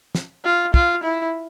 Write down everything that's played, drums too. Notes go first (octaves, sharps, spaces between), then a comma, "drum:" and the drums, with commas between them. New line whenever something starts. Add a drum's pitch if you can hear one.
drum: snare
F4
F4, drum: kick
E4